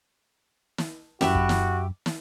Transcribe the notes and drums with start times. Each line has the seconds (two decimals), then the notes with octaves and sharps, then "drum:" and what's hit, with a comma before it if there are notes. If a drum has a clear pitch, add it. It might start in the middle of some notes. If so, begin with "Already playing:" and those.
0.78 drum: snare
1.21 F#2 F#4 G4 E5 B5, drum: snare
1.35 drum: kick
1.49 drum: snare
2.06 drum: snare